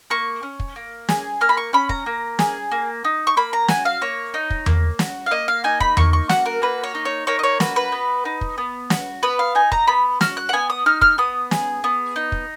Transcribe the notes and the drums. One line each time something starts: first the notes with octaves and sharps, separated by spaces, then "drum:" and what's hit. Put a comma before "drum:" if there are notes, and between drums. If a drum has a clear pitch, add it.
A#3 C#6
C#4
drum: kick
A#3
G#4, drum: snare
A#3 F6
B5
C#6
C#4 B5
A#5, drum: kick
A#3
G#4, drum: snare
A#3
D#4
C#6
A#3 B5
A#5
F#4 G#5, drum: snare
F5
A#3 C#5
D#4
drum: kick
A#3, drum: tom E2
F#4, drum: snare
F5
A#3 D#5
F5
D#4 G#5
B5, drum: kick
A#3 C#6, drum: tom E2
C#6
F#4 F#5, drum: snare
A#4
A#3 B4
C#5
D#4
C#5
A#3 C#5
D#5
C#5
F#4 B4, drum: snare
B4
B3
D#4
drum: kick
B3
F#4, drum: snare
B3 B4
F5
D#4 G#5
A#5, drum: kick
B3 B5
F#4 F6, drum: snare
F#6
F#5
B3 G#5
D#6
D#4 F6
F6, drum: kick
B3 D#6
G#4, drum: snare
B3
D#4
drum: kick